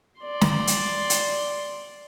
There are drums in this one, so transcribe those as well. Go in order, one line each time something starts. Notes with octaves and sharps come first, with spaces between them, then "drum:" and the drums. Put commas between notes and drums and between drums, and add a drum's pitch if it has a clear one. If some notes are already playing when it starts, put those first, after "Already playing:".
D5 C6
drum: snare
drum: hi-hat
drum: hi-hat